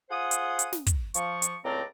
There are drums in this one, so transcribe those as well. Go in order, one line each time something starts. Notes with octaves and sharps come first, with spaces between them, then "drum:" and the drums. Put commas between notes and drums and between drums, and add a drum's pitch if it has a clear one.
F4 G#4 C5 F#5 D#6
drum: hi-hat
drum: hi-hat
drum: snare
drum: kick, hi-hat
F3 C#6, drum: hi-hat
drum: hi-hat
C#2 A2 C4 D5 A#5